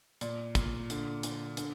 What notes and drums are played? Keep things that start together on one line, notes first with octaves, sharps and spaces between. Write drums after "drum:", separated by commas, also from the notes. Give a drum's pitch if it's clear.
A#2 D5, drum: hi-hat
A#2, drum: kick, hi-hat
D3, drum: hi-hat
D3, drum: hi-hat
D3, drum: hi-hat